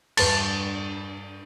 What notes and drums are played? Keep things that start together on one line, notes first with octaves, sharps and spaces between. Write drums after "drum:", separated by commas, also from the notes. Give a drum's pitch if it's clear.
E2 G2 B4 A5 A6, drum: cymbal